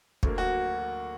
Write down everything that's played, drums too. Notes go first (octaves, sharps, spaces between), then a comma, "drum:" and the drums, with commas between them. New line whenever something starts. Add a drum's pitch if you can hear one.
D2 D3 A#3, drum: kick
F#4